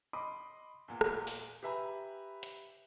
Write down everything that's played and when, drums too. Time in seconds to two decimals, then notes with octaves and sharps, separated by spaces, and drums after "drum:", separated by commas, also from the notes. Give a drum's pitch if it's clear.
0.13 D#5 B5 C6 D6 D#6
0.88 E2 A#2
1.01 drum: rim click
1.27 drum: open hi-hat
1.63 G4 B4 E5 G#5 A#5 B5
2.43 drum: hi-hat